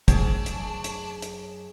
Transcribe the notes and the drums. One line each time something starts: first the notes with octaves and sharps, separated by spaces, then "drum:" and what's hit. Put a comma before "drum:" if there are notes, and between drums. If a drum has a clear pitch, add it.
F#2 A3 D4 G#4 C5 C#5, drum: kick, hi-hat
drum: hi-hat
drum: hi-hat
drum: hi-hat